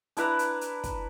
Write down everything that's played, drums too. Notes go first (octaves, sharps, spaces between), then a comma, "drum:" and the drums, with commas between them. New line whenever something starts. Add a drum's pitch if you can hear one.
D4 E4 B4 A#5, drum: hi-hat
drum: hi-hat
drum: hi-hat
drum: kick, hi-hat